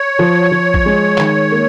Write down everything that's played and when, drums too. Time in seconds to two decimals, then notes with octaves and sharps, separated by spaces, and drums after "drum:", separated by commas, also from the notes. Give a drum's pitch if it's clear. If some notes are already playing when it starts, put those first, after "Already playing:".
Already playing: C#5
0.19 F3
0.51 F3
0.74 drum: kick A1
0.86 G#3
1.18 D#3, drum: clap
1.51 A#3